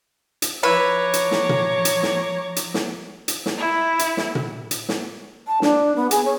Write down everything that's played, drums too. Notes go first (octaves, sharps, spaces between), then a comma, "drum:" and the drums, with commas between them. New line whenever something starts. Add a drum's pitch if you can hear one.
drum: hi-hat
F3 E4 B4 C#5 A#5 D6
drum: hi-hat
drum: snare
drum: tom A#2
drum: hi-hat
drum: snare
drum: hi-hat
drum: snare
drum: hi-hat
drum: snare
E4
drum: hi-hat
drum: snare
drum: tom A#2
drum: hi-hat
drum: snare
A5
D4, drum: snare
B3
G#4, drum: hi-hat
C#5